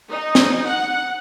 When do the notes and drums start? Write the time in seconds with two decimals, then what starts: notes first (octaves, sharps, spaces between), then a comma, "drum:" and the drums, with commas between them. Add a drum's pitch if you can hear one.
0.10 D#4
0.35 drum: snare
0.66 F#5